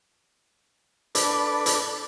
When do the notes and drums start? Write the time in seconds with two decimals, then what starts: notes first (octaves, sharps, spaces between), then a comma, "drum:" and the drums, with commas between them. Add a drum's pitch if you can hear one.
1.15 D4 A4 B4 D5, drum: hi-hat
1.66 drum: hi-hat